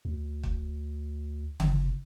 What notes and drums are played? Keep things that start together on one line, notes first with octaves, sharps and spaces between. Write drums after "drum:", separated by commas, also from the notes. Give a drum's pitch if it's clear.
D2
drum: kick
F#1, drum: tom C#3